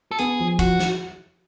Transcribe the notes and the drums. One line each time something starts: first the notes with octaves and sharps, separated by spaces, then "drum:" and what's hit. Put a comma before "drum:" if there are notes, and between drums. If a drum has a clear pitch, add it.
A4
B3 G#4, drum: hi-hat
F3
F3 F#4, drum: kick, hi-hat
drum: snare